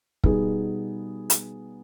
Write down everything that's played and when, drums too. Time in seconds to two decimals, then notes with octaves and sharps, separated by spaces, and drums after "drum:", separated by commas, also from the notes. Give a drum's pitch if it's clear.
0.24 B2 G3 B3 D#4 G#4, drum: kick
1.30 drum: hi-hat